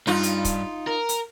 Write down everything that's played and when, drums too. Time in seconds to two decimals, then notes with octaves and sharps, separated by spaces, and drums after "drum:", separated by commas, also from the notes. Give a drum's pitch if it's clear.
0.07 G2 D#4 F4
0.23 drum: hi-hat
0.45 drum: kick, hi-hat
0.87 A#4
1.09 drum: hi-hat